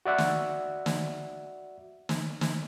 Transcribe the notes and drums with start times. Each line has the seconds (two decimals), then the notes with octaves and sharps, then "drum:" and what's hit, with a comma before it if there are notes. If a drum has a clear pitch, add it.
0.05 F#4 D5 E5 F#5
0.18 drum: snare
0.86 drum: snare
2.09 drum: snare
2.41 drum: snare